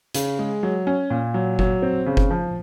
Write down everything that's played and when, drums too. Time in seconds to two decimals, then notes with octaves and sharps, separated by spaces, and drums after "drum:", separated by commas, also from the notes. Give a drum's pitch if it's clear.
0.15 C#3, drum: hi-hat
0.39 G#3
0.63 F#3
0.87 C#4
1.10 A#2
1.34 F#3
1.59 F#3, drum: kick F#1
1.82 C4
2.06 C#3
2.17 drum: kick F#1
2.31 F3